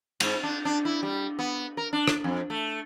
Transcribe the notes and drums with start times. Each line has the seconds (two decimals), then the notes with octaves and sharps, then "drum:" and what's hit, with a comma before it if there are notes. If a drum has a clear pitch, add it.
0.20 G#2, drum: cymbal
0.43 D4
0.65 D4
0.85 E4
1.03 G3
1.39 B3
1.77 A#4
1.93 D4
2.08 drum: rim click
2.24 F2
2.50 A3